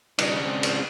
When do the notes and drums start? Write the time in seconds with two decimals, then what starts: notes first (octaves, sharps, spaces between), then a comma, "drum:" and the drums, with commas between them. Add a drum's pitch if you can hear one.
0.19 C#3 G3 D4 D#4, drum: cymbal
0.45 G#3 C4
0.63 drum: cymbal